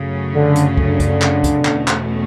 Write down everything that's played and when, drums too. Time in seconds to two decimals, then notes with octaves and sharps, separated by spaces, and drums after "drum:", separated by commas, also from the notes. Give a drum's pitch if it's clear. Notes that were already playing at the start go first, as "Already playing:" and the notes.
Already playing: F#2 C#3 F#3 A3 C#4
0.34 D3
0.56 drum: hi-hat
0.78 D3, drum: kick
1.00 drum: kick, hi-hat
1.22 drum: clap
1.44 drum: kick, hi-hat
1.65 E2 B2 A3 C#4, drum: clap
1.88 drum: clap